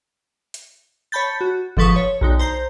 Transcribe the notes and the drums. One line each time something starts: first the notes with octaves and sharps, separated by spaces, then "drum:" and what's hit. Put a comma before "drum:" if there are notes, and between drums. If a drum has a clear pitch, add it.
drum: hi-hat
C#5 A5 B5 G6 A6
F#4
G#2 F3 A4 B4 C#6 D#6, drum: kick F#1
C#5
B1 D3 D#4
C5 A#5 G6